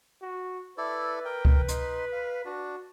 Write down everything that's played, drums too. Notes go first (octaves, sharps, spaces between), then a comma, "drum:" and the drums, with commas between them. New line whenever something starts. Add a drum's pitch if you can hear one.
F#4
E4 A4 B4 D5
A#4 G5
drum: kick C#2
D#4 C6, drum: hi-hat
F5
D4 F#4